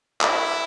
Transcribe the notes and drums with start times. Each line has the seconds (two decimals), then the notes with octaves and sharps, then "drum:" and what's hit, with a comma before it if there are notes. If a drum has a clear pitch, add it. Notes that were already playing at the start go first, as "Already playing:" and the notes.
0.21 E4, drum: clap